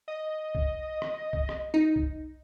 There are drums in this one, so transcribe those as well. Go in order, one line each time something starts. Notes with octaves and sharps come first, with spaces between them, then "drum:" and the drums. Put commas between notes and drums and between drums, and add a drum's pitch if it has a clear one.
D#5
drum: kick C2
drum: rim click
drum: kick C2
drum: rim click
D#4
drum: kick C2